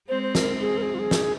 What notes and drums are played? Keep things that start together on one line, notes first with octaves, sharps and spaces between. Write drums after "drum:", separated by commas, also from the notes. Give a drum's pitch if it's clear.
G#3 C4 C5
C5
A#4, drum: snare
G#4
A#4
G#4
F4
G#4
drum: snare